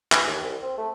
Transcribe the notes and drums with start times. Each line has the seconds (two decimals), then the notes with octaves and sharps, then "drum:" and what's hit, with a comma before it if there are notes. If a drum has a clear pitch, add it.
0.12 E3, drum: clap
0.27 D#2
0.42 C2
0.62 C4
0.78 A3